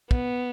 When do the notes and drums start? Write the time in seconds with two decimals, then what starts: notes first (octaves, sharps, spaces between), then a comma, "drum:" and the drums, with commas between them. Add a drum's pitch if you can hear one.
0.11 B3, drum: kick